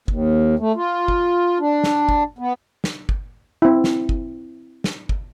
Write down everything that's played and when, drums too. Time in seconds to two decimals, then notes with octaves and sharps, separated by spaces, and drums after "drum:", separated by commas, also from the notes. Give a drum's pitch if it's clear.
0.08 D#2, drum: kick
0.59 A3
0.76 F4
1.08 drum: kick
1.60 D4
1.84 drum: snare
2.09 drum: kick
2.39 B3
2.84 drum: snare
3.09 drum: kick
3.62 C4 E4
3.84 drum: snare
4.09 drum: kick
4.84 drum: snare
5.09 drum: kick